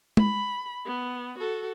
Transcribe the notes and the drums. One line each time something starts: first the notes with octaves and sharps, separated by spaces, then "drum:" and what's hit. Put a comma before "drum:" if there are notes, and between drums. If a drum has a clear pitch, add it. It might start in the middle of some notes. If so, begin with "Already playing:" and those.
B5, drum: tom G#3
B3
F#4 A4